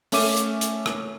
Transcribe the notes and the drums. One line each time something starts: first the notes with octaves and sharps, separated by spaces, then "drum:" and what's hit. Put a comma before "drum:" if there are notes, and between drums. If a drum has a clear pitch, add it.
A3 C#4 E5 D6 D#7, drum: open hi-hat
drum: hi-hat
drum: hi-hat
drum: rim click